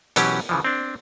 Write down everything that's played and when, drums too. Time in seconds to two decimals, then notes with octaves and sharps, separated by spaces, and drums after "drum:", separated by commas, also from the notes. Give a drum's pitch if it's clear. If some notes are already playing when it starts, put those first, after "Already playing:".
0.16 B2 E3 F#3 C#4 G4, drum: hi-hat
0.49 C#3 E3 F3
0.65 C4 D4